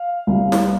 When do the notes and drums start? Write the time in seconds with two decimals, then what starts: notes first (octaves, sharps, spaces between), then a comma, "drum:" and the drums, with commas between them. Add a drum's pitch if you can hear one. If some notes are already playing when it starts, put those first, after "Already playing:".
Already playing: F5
0.27 C2
0.52 drum: snare